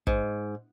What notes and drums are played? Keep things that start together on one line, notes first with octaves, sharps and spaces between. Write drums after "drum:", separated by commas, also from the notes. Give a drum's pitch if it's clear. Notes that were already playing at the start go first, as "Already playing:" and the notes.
G#2, drum: kick